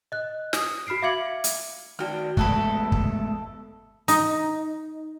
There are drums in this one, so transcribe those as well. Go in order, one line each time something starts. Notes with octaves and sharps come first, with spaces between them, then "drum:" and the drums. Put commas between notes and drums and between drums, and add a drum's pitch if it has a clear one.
D#5 F#6
D#6, drum: snare
F#4 B5 F6 C7 D7
E5 F5 D6 G#6 C#7 F#7
drum: hi-hat
D#3 F#4 G5 F6
G#3 A3 B3 F#4 A4 B4, drum: kick
drum: kick
D#4, drum: hi-hat